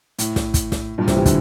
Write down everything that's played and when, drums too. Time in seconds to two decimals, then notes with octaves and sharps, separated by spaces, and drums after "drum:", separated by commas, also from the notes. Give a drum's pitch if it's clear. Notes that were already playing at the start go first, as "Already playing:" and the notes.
0.19 A2, drum: hi-hat
0.36 drum: snare
0.54 drum: kick, hi-hat
0.72 drum: snare
0.98 G2 A#2
1.08 A2 C3, drum: snare
1.16 E3 G3
1.26 D3, drum: kick, hi-hat